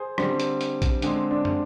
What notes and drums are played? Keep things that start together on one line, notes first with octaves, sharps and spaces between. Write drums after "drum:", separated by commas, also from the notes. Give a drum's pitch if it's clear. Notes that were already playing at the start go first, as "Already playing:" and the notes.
Already playing: G#4 C5
D3 G3 C4, drum: rim click
drum: hi-hat
drum: hi-hat
drum: kick, hi-hat
D3 G#3 C4, drum: hi-hat
D4
drum: tom